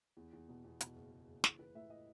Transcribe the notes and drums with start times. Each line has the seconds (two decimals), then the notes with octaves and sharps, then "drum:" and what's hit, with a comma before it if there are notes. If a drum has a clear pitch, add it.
0.17 E2
0.33 E2
0.49 B2
0.64 E2
0.81 B2, drum: hi-hat
0.96 F#1
1.11 F#1
1.27 F#1
1.44 E3, drum: snare
1.59 E3 B4
1.75 A2 E5
1.90 D#5